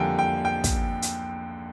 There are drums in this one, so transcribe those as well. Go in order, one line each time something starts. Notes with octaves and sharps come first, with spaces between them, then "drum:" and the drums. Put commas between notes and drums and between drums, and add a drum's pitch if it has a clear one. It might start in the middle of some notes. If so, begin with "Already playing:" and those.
Already playing: F2 D3 G3 A#3 G5 G#5
G5
G5
drum: kick, hi-hat
drum: hi-hat